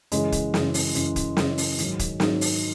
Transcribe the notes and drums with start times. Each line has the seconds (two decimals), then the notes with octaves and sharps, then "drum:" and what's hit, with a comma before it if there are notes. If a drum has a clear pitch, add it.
0.12 F#2 C#3 E3 G#3, drum: hi-hat
0.32 drum: kick, hi-hat
0.54 F#2 C#3 E3, drum: snare
0.74 drum: open hi-hat
0.95 F#2 C#3 E3, drum: hi-hat
1.16 drum: kick, hi-hat
1.37 F#2 C#3 E3, drum: snare
1.58 drum: open hi-hat
1.78 G#2 D#3 F#3, drum: hi-hat
1.99 drum: kick, hi-hat
2.20 G#2 D#3 F#3, drum: snare
2.41 drum: open hi-hat